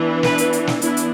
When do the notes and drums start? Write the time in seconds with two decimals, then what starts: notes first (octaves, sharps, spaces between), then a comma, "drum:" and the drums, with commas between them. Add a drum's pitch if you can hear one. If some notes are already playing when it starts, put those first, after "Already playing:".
Already playing: E3 B3 D4
0.23 B4, drum: snare
0.38 drum: hi-hat
0.53 drum: hi-hat
0.67 drum: snare
0.82 E3 B3 D4 E4, drum: hi-hat
0.97 drum: hi-hat